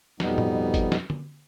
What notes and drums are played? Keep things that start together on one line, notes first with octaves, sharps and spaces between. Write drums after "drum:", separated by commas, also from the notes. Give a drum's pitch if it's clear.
F2 B2 G3 B3 D#4, drum: snare
drum: tom A2
drum: kick G1, hi-hat
drum: snare
drum: tom